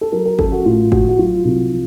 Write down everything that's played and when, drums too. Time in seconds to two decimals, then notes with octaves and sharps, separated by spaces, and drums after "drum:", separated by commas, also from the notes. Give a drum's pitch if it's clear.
0.01 A4
0.12 F#3 A#4
0.26 A#4
0.39 F#2 A4, drum: kick G1
0.52 F#4
0.65 A2 F4
0.92 F3 F#4, drum: kick G1
1.09 F#4
1.19 F#3 F4
1.45 C2
1.72 F3